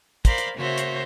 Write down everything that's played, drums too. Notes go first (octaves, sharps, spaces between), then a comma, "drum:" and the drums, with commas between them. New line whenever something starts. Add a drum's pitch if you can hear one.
A#4 C5 D5 F5 B5, drum: kick, hi-hat
drum: hi-hat
C#3 A#3 F#4 C5 C#5 E5
drum: hi-hat